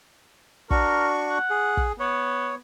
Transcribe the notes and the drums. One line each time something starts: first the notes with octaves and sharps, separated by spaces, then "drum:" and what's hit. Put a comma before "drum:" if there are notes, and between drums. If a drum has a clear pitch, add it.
D4 F#4 A#4 C#6, drum: kick
F#5
G#4
drum: kick
B3 C#5